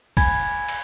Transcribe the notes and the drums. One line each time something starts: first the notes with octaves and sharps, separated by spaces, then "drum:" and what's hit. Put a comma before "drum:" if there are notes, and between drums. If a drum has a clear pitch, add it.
G#5 B5 G#6, drum: kick, cymbal
drum: cymbal